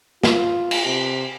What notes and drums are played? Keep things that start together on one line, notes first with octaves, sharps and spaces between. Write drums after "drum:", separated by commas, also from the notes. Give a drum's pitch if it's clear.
F4, drum: snare
drum: cymbal
C3